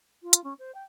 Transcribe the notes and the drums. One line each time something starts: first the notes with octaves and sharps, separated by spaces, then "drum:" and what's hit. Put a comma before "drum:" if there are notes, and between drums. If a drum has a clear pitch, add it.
F4
drum: hi-hat
C#4
C5
G5